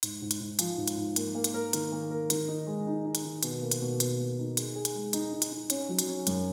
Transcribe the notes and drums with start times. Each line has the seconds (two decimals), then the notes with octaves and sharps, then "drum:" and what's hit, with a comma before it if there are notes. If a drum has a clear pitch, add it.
0.03 G#2, drum: hi-hat
0.22 G#2
0.31 drum: hi-hat
0.40 G#2
0.59 F3, drum: hi-hat
0.78 G#2
0.88 drum: hi-hat
0.97 G#2
1.16 A#3, drum: hi-hat
1.35 A#3
1.44 drum: hi-hat
1.54 A#4
1.73 D#3, drum: hi-hat
1.92 A#3
2.11 A#4
2.30 D#3, drum: hi-hat
2.48 D#4
2.67 G#3
2.87 D#4
3.05 D#4
3.15 drum: hi-hat
3.24 D#3
3.43 B2, drum: hi-hat
3.62 A#3
3.71 drum: hi-hat
3.81 B2
4.00 B2, drum: hi-hat
4.19 A#3
4.38 D#4
4.57 G#4, drum: hi-hat
4.75 G#4
4.85 drum: hi-hat
4.95 G#3
5.13 D#4, drum: hi-hat
5.32 D#4
5.42 drum: hi-hat
5.52 D#4
5.70 C#4, drum: hi-hat
5.89 F#3
5.99 drum: hi-hat
6.08 C#4
6.27 F#2, drum: hi-hat